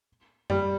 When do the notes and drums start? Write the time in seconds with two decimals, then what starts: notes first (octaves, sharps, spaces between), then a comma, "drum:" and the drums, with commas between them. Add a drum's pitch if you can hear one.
0.50 G3, drum: tom F#2